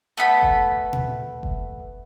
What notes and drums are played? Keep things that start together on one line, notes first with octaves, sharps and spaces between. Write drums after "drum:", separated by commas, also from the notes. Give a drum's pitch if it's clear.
A3 B3 B5
drum: kick F#1
drum: tom A#2
drum: kick F#1